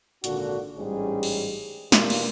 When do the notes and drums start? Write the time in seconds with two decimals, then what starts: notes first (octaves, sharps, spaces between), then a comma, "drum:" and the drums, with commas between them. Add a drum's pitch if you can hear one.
0.24 G#1 A#2 D3 D4 F#4, drum: hi-hat
0.78 A1 G#2 G3 G#3 C#4 G#4
1.23 drum: cymbal
1.92 B2 E3 A#3 D4 F4 G4, drum: snare
2.10 drum: cymbal